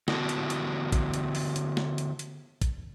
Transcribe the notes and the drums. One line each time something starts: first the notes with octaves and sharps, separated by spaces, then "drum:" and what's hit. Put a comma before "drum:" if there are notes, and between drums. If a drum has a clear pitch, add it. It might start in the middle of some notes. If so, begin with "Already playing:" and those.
D3 B3 E4 F#4 G4 A5, drum: snare
drum: hi-hat
drum: hi-hat
drum: kick, hi-hat
drum: hi-hat
drum: open hi-hat
drum: hi-hat
drum: snare
drum: hi-hat
drum: hi-hat
drum: kick, hi-hat